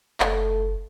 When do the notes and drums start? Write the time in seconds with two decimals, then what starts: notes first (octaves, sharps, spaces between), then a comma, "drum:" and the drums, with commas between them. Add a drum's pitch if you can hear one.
0.20 F#1 A3, drum: clap